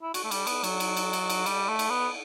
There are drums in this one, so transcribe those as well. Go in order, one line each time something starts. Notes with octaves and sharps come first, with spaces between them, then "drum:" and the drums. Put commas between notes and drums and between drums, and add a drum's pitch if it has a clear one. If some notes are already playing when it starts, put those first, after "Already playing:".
E4
F#4, drum: cymbal
A3
G3, drum: cymbal
B3, drum: cymbal
F#3, drum: cymbal
drum: cymbal
drum: cymbal
drum: cymbal
drum: cymbal
G3, drum: cymbal
A3
drum: cymbal
B3